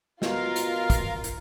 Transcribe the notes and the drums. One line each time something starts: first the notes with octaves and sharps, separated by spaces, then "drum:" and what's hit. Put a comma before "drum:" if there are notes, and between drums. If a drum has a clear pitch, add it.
B2 F4 A#4 F5, drum: snare
drum: hi-hat
drum: kick, hi-hat
drum: hi-hat